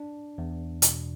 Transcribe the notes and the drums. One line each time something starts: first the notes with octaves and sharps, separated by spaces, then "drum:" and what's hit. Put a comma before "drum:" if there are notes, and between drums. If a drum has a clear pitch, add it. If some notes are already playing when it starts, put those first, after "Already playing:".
Already playing: D4
E2
B2, drum: hi-hat